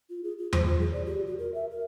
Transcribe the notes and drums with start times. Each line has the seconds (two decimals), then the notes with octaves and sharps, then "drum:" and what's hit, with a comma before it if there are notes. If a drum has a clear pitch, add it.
0.10 F4
0.24 G#4
0.38 F4
0.53 C5, drum: tom E2
0.65 F4
0.80 G#4
0.93 D5
1.06 G4
1.27 F#4
1.39 A#4
1.54 E5
1.71 A#4